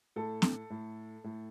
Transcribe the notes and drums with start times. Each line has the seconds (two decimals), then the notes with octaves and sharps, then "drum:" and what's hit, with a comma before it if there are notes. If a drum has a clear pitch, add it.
0.16 A2 A4
0.42 drum: snare
0.70 A2
1.24 A2